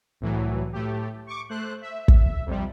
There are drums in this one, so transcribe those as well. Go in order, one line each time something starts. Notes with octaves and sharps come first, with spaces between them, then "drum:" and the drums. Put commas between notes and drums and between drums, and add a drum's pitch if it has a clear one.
C2 A2 E3 F#3
A2 A3 G4
C#6 D6
A3 C5 F#6
E5
drum: kick
F2 C3 G3